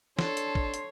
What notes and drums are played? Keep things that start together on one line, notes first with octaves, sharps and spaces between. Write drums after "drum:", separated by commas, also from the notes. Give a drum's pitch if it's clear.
D4 A4 C#5 C6, drum: snare
drum: hi-hat
drum: kick
drum: hi-hat